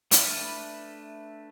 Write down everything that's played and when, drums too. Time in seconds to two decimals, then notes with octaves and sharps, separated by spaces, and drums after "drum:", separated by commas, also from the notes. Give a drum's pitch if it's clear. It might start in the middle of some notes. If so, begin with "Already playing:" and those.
0.11 A3 D4 B4 E5 F6, drum: hi-hat